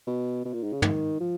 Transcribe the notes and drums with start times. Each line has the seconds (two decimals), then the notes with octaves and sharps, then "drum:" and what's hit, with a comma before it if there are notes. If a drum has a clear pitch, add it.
0.07 B2
0.45 B2
0.54 A#2
0.64 G#2
0.73 C#3
0.82 D#3, drum: tom
1.20 F3